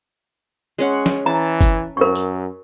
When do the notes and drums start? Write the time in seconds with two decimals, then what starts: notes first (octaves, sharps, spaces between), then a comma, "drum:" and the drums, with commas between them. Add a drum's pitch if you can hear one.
0.78 G#3 C#4 F#5
1.06 drum: snare
1.26 E3 A5 A#5
1.61 drum: kick F#1, tambourine
1.97 F#2 A#4 C#6
2.15 drum: tambourine